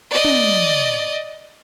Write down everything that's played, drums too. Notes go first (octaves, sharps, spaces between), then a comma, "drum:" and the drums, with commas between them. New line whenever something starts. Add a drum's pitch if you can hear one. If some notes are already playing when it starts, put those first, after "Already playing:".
D5 D#5
drum: tom